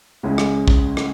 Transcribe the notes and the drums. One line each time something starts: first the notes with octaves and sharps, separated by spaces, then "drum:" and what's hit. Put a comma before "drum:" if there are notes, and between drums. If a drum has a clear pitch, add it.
C#2 C#3 G#3 C#4 E4
drum: rim click
drum: kick
drum: rim click